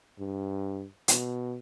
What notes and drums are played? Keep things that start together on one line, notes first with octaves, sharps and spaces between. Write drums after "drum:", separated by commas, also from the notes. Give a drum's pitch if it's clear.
G2
B2, drum: hi-hat